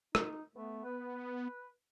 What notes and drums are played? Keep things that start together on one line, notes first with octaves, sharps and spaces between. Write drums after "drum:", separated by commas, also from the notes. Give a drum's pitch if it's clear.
D#4, drum: rim click
A3 B3
B4